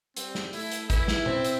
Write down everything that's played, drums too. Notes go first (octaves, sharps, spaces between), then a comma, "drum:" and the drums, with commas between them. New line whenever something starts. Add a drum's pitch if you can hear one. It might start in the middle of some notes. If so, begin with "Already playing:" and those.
G3 C4, drum: hi-hat
drum: snare
A3 E4, drum: open hi-hat
drum: hi-hat
E3 E4, drum: kick, hi-hat
drum: snare
C4, drum: tom
drum: hi-hat